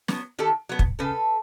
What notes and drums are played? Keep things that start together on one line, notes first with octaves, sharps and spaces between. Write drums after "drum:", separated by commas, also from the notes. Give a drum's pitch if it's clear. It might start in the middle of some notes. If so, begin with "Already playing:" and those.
F#3 B3, drum: snare
D#3 G4 A4
F#3 B3
drum: kick
C#3 A4 B4